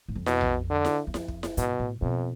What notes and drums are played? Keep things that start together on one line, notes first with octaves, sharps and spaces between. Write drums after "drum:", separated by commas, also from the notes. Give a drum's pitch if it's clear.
G#2
F2
B2, drum: snare E4
drum: tom A#1
D3
drum: snare E4
E2
F2, drum: snare E4
drum: kick
drum: snare E4
G#2 B2, drum: hi-hat
A2
F2 B2